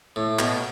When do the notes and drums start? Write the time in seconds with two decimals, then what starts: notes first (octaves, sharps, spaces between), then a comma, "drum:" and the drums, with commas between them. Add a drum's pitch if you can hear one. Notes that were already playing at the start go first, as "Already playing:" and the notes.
0.16 A2
0.39 B2, drum: clap